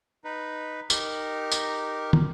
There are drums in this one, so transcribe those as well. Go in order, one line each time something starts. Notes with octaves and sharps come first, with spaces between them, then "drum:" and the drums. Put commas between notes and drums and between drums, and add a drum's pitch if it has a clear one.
D#4 B4
D#4 G4 A#4, drum: tambourine
drum: tambourine
drum: tom